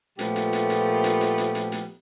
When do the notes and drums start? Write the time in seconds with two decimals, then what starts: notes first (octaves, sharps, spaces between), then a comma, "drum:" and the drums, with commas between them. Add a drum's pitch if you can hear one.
0.19 A#2 F3 A3 B3 G4, drum: hi-hat
0.36 drum: hi-hat
0.53 drum: hi-hat
0.70 drum: hi-hat
1.04 drum: hi-hat
1.21 drum: hi-hat
1.38 drum: hi-hat
1.55 drum: hi-hat
1.72 drum: hi-hat